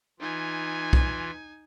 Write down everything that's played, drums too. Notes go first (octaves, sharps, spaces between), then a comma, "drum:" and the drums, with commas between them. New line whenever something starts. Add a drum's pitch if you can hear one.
E3 D#4 F4 G#5
drum: kick B1